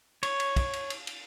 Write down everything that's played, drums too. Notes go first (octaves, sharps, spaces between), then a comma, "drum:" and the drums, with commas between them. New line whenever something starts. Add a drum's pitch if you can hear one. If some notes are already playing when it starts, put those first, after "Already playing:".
C#5, drum: cymbal
drum: cymbal
drum: kick, cymbal
drum: cymbal
drum: cymbal
drum: cymbal